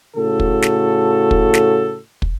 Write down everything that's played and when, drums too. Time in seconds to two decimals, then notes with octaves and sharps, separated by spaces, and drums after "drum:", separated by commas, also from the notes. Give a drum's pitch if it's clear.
0.17 A2 C#3 F#4 A4
0.40 drum: kick
0.62 drum: snare
1.31 drum: kick
1.54 drum: snare
2.22 drum: kick